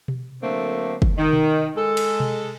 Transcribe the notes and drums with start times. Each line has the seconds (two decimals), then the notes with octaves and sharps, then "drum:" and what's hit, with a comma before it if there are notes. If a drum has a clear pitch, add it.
0.08 drum: tom B2
0.41 D3 F#3 A3 A#3 C4
1.02 drum: kick F#1
1.17 D#3
1.33 drum: tom B2
1.76 G#3 A4
1.97 drum: cymbal
2.20 drum: tom B2